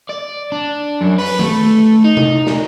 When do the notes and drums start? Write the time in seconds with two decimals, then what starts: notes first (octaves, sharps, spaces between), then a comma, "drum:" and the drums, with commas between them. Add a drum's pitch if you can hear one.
0.10 D5
0.52 D4
1.01 F#2
1.19 B4, drum: open hi-hat
1.39 A3, drum: tom D#3
2.05 D#4
2.17 drum: tom C3
2.47 drum: snare